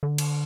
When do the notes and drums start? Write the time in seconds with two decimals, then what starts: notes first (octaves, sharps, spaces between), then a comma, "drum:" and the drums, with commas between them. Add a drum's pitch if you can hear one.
0.03 D3
0.18 drum: cymbal